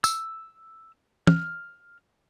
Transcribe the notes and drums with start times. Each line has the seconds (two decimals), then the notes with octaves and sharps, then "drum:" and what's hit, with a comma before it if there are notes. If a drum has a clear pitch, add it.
0.04 E6, drum: tambourine
1.27 F6, drum: tom